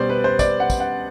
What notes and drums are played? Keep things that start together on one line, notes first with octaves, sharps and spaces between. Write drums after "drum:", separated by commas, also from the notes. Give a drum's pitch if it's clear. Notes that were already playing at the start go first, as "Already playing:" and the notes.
Already playing: B2 G3 B3 C5 D5
B4
C5
D5, drum: kick, tambourine
F#5
drum: kick, tambourine
F#5